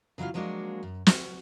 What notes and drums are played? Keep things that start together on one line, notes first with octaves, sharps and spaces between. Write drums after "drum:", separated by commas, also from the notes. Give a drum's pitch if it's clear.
C#3 F#3 E4 F4 F5
F3 F#3 G#3 A#3 D4 F#4
F#2
F#4, drum: snare